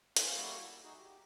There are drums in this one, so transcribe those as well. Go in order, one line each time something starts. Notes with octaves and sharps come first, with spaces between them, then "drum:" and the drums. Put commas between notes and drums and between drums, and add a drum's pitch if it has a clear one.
B3 C#4 F5 A5, drum: hi-hat
G3 A#3 E4 F#4 A4
E6
D#4 F#4 G#4
G4